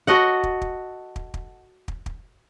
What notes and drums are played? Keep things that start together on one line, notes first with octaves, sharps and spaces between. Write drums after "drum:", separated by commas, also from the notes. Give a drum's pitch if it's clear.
F#4 A4 D#5 F#5
drum: kick
drum: kick
drum: kick
drum: kick
drum: kick
drum: kick